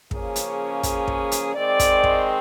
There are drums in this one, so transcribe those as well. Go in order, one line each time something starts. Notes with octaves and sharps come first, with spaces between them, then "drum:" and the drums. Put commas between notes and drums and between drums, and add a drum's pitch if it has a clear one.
C#3 F3 A#3 C#4 G#4, drum: kick
drum: hi-hat
G#4, drum: kick, hi-hat
drum: kick
drum: hi-hat
D#3 G#3 C4 D5
drum: kick, hi-hat
drum: kick